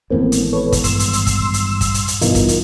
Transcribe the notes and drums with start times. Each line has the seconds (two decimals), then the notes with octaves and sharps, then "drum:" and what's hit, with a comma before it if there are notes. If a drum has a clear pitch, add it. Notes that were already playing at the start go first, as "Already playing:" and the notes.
0.11 G#1 E2 A2 A#3 C4
0.32 drum: hi-hat
0.53 A4 B4 C#5
0.73 drum: kick, hi-hat
0.84 G2 C6 E6, drum: hi-hat
1.00 drum: hi-hat
1.13 drum: hi-hat
1.27 drum: kick, hi-hat
1.54 drum: hi-hat
1.81 drum: kick, hi-hat
1.94 drum: hi-hat
2.08 drum: hi-hat
2.21 G2 B2 E3 D#4 F4 A#4, drum: hi-hat
2.35 drum: kick, hi-hat
2.48 drum: hi-hat